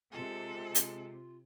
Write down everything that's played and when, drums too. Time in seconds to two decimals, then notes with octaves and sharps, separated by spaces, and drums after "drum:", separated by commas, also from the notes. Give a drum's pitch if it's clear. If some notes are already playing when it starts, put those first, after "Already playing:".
0.13 C3 G#3 F4 A4
0.75 drum: hi-hat